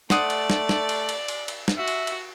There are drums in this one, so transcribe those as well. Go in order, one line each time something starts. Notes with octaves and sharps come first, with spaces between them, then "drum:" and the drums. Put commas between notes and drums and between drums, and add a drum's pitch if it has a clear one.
A3 C5 D5 F#5 D#6, drum: snare
drum: cymbal
drum: snare
drum: snare
drum: cymbal
drum: cymbal
drum: cymbal
drum: cymbal
drum: snare
F#4 E5
drum: cymbal
drum: cymbal